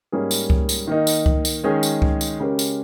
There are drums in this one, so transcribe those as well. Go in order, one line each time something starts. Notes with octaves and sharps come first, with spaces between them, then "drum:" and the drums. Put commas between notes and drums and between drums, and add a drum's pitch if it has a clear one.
G#2 G3 A#3 C#4 G#4
drum: tambourine
drum: kick C#2
drum: tambourine
D#3 A#3 D#4
drum: tambourine
drum: kick C#2
drum: tambourine
D#3 G#3 C#4 G#4
drum: tambourine
drum: kick C#2
drum: tambourine
C#3 G#3 C#4 G4 A#4
drum: tambourine